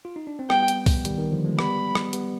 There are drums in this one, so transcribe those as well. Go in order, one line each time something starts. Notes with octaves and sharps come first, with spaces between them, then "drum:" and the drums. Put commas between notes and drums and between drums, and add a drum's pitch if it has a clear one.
F4
D#4
D4
C4
G3 B3 G5, drum: rim click
drum: hi-hat
drum: kick, open hi-hat
D#3 G3, drum: hi-hat
D#3
D3 F3
F3 G#3
G3 B3 B5, drum: rim click
drum: rim click
G3 B3, drum: hi-hat